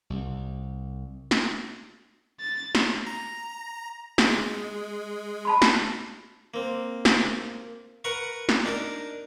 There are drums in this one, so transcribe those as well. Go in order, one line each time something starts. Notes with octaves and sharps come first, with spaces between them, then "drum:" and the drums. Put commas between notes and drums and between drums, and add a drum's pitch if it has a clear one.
C2
drum: snare
A6
drum: snare
A#5
G#3, drum: snare
A5 B5 C6
drum: snare
A#3 C4
drum: snare
A#4 B4 F#5 A#5 C#6
drum: snare
D4 D#4 A#4